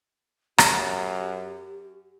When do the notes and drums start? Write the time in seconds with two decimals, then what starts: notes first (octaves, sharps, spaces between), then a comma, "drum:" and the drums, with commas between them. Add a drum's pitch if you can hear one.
0.58 F#2 G4, drum: rim click